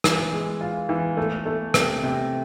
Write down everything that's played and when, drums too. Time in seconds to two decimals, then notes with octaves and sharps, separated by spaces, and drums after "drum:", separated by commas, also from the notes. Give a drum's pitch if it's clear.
0.04 E3, drum: rim click
0.32 G#3
0.61 F4
0.89 E3
1.17 A3
1.46 A3
1.74 C3, drum: rim click
2.03 C3